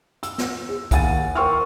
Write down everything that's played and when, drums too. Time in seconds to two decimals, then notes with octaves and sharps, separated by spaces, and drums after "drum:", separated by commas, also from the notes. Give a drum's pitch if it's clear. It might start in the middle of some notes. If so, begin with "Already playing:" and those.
0.23 E6, drum: hi-hat
0.38 drum: snare
0.69 G#4
0.91 D#2 F#5 G#5 A6 D#7, drum: kick, hi-hat
1.35 A#4 G5 C6 C#6 E6 F6